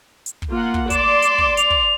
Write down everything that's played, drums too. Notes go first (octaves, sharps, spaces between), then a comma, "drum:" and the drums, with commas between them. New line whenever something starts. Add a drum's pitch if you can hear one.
drum: hi-hat
drum: kick
A#3 F4 F#5
drum: kick
D5 C6 E7, drum: kick, hi-hat
drum: hi-hat
drum: kick
F7, drum: hi-hat
drum: kick